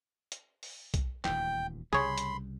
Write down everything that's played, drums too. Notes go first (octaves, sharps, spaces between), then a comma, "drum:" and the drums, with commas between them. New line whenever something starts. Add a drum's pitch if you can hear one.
drum: hi-hat
drum: open hi-hat
drum: kick, hi-hat
D#1 D2 E3 G5, drum: clap
C2 C#3 G3 G#4 C#5 B5 C6
drum: hi-hat